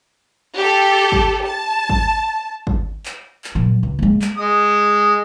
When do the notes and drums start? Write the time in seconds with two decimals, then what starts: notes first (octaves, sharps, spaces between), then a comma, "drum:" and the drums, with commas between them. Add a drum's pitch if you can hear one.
0.57 G4 A4
1.12 drum: kick
1.45 A5
1.89 drum: kick
2.67 drum: kick
3.06 drum: clap
3.44 drum: clap
3.55 A#2 F#3
3.83 C#2
3.99 G#3 A#3
4.22 drum: clap
4.38 G#3 D#6